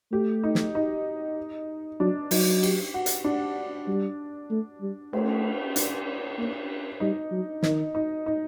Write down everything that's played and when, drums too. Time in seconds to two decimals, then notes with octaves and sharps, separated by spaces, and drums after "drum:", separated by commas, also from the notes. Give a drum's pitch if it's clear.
0.12 A3 G4
0.43 D#4
0.55 drum: snare
0.75 D#4
2.00 F#3 D4
2.31 F#3 D#4, drum: open hi-hat
2.63 G4, drum: cymbal
2.94 F#4
3.06 drum: hi-hat
3.24 D4
3.87 G3
4.50 A3
4.81 G3
5.13 A3, drum: cymbal
5.76 D4, drum: hi-hat
6.38 A#3
7.00 G3 D#4
7.31 F#3
7.63 D#3 D#4, drum: snare
7.95 D#4
8.26 D#4